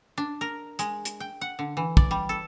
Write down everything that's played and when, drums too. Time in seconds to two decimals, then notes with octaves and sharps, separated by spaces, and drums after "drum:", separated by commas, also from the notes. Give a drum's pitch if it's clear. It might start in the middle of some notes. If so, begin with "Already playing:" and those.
0.18 D4
0.41 A#4
0.79 G#3, drum: hi-hat
1.05 drum: hi-hat
1.20 G5
1.41 F#5
1.59 D3
1.77 E3
1.97 D5, drum: kick
2.11 G3
2.29 A4